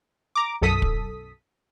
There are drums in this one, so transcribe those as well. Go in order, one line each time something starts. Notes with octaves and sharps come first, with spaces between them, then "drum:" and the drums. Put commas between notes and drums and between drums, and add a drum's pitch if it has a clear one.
A#5 D6
B1 F#2 A4 D#6 B6
drum: kick